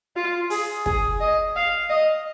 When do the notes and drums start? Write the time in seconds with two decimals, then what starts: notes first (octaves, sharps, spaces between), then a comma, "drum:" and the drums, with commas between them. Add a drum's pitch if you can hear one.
0.16 F4
0.50 G#4, drum: open hi-hat
0.86 G#4, drum: kick
1.20 D#5
1.56 F5
1.90 D#5